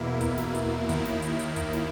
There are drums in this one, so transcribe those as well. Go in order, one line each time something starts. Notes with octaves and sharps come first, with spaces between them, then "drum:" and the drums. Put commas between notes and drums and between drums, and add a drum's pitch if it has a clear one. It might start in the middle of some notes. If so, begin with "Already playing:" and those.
Already playing: E2 B2 A#3 E4
drum: kick, hi-hat
drum: snare
drum: hi-hat
D#2 D#3 A#3 E4, drum: kick, hi-hat
drum: snare
drum: hi-hat
drum: hi-hat
drum: kick, hi-hat
drum: snare